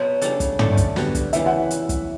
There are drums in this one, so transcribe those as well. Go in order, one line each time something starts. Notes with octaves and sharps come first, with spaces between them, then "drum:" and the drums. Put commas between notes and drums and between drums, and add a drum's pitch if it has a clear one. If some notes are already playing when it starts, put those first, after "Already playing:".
Already playing: B2 F#3 B3 C#5
C#3 G3 D4 A4, drum: hi-hat
drum: kick, hi-hat
D3 A3 D4 A4, drum: tom
drum: kick, hi-hat
D3 G3 B3 F#4, drum: snare
drum: kick, hi-hat
C#3 E3 G3 E5, drum: hi-hat
F#5
drum: hi-hat
drum: kick, hi-hat